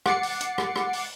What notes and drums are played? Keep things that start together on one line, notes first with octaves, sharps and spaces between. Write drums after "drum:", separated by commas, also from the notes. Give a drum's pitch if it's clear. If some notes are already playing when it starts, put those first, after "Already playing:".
F#5 D6 A6 C7 C#7, drum: rim click
drum: open hi-hat
drum: hi-hat
drum: rim click
drum: rim click
drum: open hi-hat